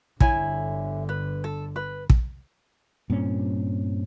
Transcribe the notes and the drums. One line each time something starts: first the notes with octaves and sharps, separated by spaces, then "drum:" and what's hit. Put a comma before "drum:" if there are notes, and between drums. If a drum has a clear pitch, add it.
G1 D3 E4 C#5 G#5, drum: kick
B4
A4
B4
drum: kick
G2 A#2 C4 C#4